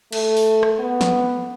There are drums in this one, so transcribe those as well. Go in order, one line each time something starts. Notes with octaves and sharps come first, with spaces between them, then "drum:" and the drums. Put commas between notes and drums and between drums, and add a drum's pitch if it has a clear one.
A3, drum: cymbal
drum: open hi-hat
drum: rim click
B3
drum: snare